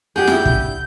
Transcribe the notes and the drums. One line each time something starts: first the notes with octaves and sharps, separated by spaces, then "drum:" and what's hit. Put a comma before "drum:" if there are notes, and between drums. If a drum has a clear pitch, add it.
D4 G4 G#4 F#5 G6
E4, drum: snare
drum: kick